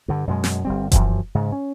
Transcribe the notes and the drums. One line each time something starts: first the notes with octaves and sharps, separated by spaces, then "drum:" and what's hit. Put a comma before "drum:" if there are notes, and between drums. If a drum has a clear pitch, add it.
G2 D3
F#2 B2 G#3
drum: snare
G1 G3 C4
F#2 E3 F3, drum: kick F1, hi-hat
G#2 C#3
C#4